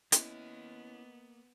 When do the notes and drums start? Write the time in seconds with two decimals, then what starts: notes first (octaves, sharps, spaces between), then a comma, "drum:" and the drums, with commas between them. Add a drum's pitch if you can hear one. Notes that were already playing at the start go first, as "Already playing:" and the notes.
0.12 A#3 B3 C#4 E4 D#5, drum: hi-hat